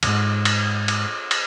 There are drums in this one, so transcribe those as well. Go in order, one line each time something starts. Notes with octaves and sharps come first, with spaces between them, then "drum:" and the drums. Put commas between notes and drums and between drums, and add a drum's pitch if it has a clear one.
D#2 G#2, drum: cymbal
drum: cymbal
drum: cymbal
drum: cymbal